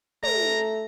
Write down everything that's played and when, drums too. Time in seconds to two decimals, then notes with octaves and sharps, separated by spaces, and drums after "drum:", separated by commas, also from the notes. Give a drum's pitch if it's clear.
0.23 A3 A#5, drum: tom